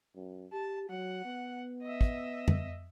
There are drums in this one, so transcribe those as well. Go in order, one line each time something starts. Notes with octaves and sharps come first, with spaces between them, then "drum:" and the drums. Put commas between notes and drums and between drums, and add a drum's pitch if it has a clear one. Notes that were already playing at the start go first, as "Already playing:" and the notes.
F#2
G4 A5
F#3 F#5
B3
D#5 E5
drum: kick
drum: tom F2